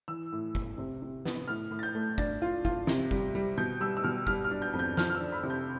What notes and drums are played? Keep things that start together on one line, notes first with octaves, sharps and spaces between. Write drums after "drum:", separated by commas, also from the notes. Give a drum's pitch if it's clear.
E3 E6
A2
A2, drum: kick
C3
C3
B3, drum: snare
A2 F6
A2
A6
G6
A3
D4 A6, drum: kick
F4
F4, drum: kick
C3, drum: snare
G3, drum: kick
G3
B2 G6
G3 E6
E6
B2 F6
G3 F6, drum: kick
F6
D4
G6
F2
G6
F3 F6, drum: snare
F6
E6
D4
B5
C3
G6